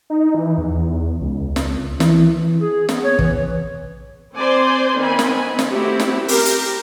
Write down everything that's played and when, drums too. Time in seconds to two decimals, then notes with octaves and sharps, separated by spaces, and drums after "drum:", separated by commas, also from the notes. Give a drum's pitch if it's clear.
0.10 D#4
0.35 E3
0.58 E2
1.21 C#2
1.56 drum: snare
2.00 E3, drum: snare
2.61 G#4
2.89 B3, drum: snare
3.03 C#5
3.19 E3, drum: kick
4.37 C4 C5 D5 G#5 C6
4.96 D#3 B3 C4 G#5 B5
5.19 drum: snare
5.59 drum: snare
5.69 A3 C4 E4 F#4 G4
6.00 drum: snare
6.28 G4 A#4, drum: open hi-hat
6.45 drum: hi-hat